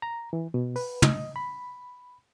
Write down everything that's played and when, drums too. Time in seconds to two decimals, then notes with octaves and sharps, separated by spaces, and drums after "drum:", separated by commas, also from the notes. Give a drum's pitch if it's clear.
0.02 A#5
0.33 E3
0.54 B2
0.76 B4, drum: open hi-hat
1.02 D#5, drum: tom
1.36 B5